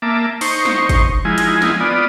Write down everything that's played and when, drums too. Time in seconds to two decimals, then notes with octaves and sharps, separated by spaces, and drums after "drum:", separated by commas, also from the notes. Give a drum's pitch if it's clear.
0.02 A#3 E5 A5 D6
0.41 D#4 C5 C#6, drum: open hi-hat
0.65 drum: snare
0.89 drum: kick, hi-hat
1.25 F3 G#3 D#4 E4 G#5
1.38 drum: hi-hat
1.62 drum: snare
1.80 B3 F4 D5 D#6